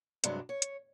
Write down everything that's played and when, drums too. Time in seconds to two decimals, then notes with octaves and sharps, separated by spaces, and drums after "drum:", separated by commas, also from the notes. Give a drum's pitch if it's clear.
0.24 G2 C3 F#3 G#3 D4, drum: hi-hat
0.49 C#5
0.62 drum: hi-hat